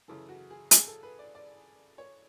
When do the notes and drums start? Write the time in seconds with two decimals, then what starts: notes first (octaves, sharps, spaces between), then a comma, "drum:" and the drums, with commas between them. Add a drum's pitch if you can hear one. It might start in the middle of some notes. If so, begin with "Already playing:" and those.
0.08 F#2 C#3 E3 A4
0.29 F#4
0.50 G#4
0.71 G#4, drum: hi-hat
0.88 A4
1.03 B4
1.19 D5
1.35 D5
1.98 C#5